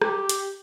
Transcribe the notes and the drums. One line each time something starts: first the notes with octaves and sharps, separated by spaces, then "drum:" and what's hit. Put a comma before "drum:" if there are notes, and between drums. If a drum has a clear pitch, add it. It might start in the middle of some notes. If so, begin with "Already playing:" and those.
G4, drum: rim click
drum: hi-hat